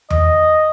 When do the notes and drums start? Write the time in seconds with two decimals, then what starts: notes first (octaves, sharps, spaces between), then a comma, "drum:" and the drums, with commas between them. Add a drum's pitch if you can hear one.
0.10 D#5, drum: tom E2